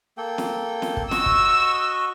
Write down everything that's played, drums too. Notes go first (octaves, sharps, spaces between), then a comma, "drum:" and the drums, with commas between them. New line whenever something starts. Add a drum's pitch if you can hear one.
A#3 A4 G5
drum: snare
drum: snare
drum: kick
F#4 D#5 C#6 E6, drum: snare
drum: kick